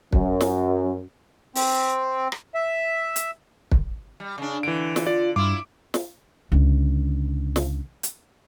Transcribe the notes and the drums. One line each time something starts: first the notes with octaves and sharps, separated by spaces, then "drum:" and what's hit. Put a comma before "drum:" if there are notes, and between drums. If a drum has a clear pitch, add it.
F#2, drum: kick
drum: snare
C4, drum: open hi-hat
drum: rim click
E5
drum: hi-hat
drum: kick
G3
C#3 D4
D3 E3 D7
drum: snare
F4 D5
G2 E4 F4 D6
drum: snare
C#2 D3
drum: snare
drum: hi-hat